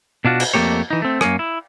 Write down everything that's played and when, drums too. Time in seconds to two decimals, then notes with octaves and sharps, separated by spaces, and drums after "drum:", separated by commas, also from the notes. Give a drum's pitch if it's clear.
0.25 B2 D4 F4 F#4
0.40 drum: cymbal
0.54 F2 A3 A#3 G4 C#5
0.90 E3 D#4
1.02 A3 C4
1.21 F#2 A#3 A#4 C#5 G#5, drum: rim click
1.39 E4